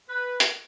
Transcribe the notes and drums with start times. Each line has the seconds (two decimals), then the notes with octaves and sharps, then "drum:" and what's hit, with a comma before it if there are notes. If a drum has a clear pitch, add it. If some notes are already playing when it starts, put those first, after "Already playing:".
0.09 B4
0.40 drum: hi-hat